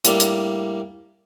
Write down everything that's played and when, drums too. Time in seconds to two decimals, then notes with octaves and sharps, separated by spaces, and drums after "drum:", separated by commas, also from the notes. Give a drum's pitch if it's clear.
0.05 A2 G3 A#3 D4, drum: hi-hat
0.20 drum: hi-hat